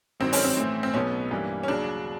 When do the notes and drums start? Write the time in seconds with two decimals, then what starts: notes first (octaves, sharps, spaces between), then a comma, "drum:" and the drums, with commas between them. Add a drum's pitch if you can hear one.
0.20 G#1 G2 D#3 F#3 C4
0.33 C#4, drum: open hi-hat
0.44 C4
0.57 A2 E3 A3
0.83 C4
0.94 B1 B2 F#3 B3 C#4
1.31 G2 E3 G3 A#3
1.63 C#4
1.68 D#2 C#3 F#3 D4